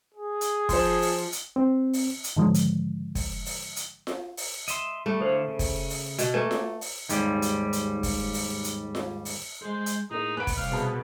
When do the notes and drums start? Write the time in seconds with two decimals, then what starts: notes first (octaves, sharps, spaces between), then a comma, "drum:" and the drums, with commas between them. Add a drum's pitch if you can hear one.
0.15 G#4
0.41 drum: hi-hat
0.69 F3 C5 C6, drum: kick, open hi-hat
1.02 drum: open hi-hat
1.32 drum: hi-hat
1.56 C4
1.93 drum: open hi-hat
2.24 drum: hi-hat
2.37 G#2 D3 D#3 F3 G#3
2.54 drum: hi-hat
3.15 drum: kick, open hi-hat
3.46 drum: open hi-hat
3.76 drum: hi-hat
4.07 drum: snare F4
4.37 drum: open hi-hat
4.68 D#5 E5 C6, drum: hi-hat
5.06 G3 A3
5.20 D3 E4 A4 C5 F5
5.48 C#3
5.59 drum: kick, open hi-hat
5.90 drum: open hi-hat
6.19 B2 D#5, drum: hi-hat
6.34 A3 A#3 B4 G#5
6.51 drum: snare F4
6.81 drum: open hi-hat
7.09 D#2 G#2 G3, drum: hi-hat
7.42 drum: hi-hat
7.73 drum: hi-hat
8.03 drum: kick, open hi-hat
8.34 drum: open hi-hat
8.64 drum: hi-hat
8.95 drum: snare F4
9.25 drum: open hi-hat
9.62 G#3 G#4 C5
9.86 drum: hi-hat
10.11 A2 A#3 D#4 G#4
10.37 A#3 B4 F#5 F#6 D7
10.47 drum: kick, open hi-hat
10.57 C2 F5
10.72 B2 G#4 A5 B5